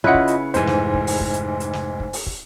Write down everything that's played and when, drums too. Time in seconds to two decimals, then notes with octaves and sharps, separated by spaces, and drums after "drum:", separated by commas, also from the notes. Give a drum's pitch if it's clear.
0.04 C#3 C#4 E4 F4 B4 D#5 F#5 C#7
0.14 drum: kick
0.28 drum: hi-hat
0.54 F1 G#2 E3 C5 G#5, drum: hi-hat
0.67 drum: snare
0.94 drum: kick
1.07 drum: open hi-hat
1.20 drum: kick
1.34 drum: hi-hat
1.60 drum: hi-hat
1.73 drum: snare
2.00 drum: kick
2.13 drum: open hi-hat
2.26 drum: kick